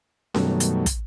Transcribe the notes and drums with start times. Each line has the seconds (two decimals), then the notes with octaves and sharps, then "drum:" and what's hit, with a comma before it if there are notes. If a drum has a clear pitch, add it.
0.34 F#2 B2 D#3 F#3 G3 A3, drum: snare C#4
0.60 drum: hi-hat
0.86 drum: kick, hi-hat